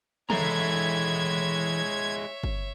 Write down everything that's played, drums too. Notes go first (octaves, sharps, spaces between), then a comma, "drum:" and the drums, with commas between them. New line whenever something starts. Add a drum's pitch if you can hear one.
E3 G#3 E4 A4 C#5 E5 A#5 G#6, drum: tom
drum: kick G1